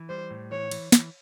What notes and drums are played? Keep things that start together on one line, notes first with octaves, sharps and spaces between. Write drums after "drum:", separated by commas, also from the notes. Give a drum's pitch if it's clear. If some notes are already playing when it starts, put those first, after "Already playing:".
Already playing: E3
G3 C5
A2
E3 C#5
E3, drum: cymbal
E3, drum: snare